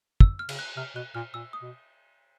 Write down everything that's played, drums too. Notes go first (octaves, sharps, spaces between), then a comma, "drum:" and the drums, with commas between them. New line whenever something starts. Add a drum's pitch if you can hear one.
E6, drum: kick
F6
C#3, drum: cymbal
F#6
C3 F6
B2 F#6
A#2 F6
A#2 E6
D#6
B2